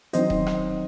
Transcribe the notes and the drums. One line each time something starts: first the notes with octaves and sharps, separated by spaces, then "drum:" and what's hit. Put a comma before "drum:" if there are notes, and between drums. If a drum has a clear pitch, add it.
D#3 F#3 C4 C5 D#5, drum: hi-hat
drum: kick D#1
drum: rim click